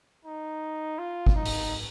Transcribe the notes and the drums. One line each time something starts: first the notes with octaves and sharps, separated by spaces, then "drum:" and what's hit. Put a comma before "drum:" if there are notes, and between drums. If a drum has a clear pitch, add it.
D#4
F4
drum: kick
D#4
drum: open hi-hat